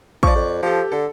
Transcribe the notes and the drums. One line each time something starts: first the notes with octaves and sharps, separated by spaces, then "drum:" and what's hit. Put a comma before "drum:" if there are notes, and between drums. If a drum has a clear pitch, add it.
F3 D5 C#6, drum: kick
F2
F3 G4 A4
D3 A4